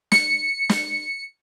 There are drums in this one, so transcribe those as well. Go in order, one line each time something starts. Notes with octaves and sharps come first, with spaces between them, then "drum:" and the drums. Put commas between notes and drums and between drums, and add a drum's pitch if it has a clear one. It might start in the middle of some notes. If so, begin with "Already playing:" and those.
C#7, drum: snare
drum: snare